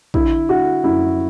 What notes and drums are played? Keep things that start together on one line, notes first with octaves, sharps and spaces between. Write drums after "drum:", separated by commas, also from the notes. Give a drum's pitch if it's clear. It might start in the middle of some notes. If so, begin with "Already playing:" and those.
D3 E4, drum: kick
D3 F#4
F#2 E4